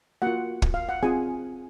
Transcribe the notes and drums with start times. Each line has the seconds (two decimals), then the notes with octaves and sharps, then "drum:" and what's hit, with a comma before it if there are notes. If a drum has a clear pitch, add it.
0.22 A#3 F4 F#4 F#5
0.62 drum: kick
0.74 F5
0.89 F#5
1.03 C4 F4 G#4 G#5